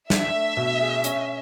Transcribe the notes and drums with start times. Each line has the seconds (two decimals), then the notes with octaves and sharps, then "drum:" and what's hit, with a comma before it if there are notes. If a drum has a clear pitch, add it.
0.10 D4 E5, drum: snare
0.34 A3
0.57 B2
0.81 G#4
1.04 C#4, drum: hi-hat